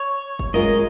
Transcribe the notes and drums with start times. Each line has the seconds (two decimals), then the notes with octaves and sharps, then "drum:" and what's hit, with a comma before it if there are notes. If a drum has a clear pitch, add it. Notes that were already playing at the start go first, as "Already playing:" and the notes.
Already playing: C#5
0.39 drum: kick F#1
0.54 G#3 C#4 F4 A#4 D#5